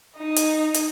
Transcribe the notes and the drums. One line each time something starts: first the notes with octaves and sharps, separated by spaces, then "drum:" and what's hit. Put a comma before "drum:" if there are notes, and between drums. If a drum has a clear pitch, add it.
D#4 D#5
drum: hi-hat
drum: hi-hat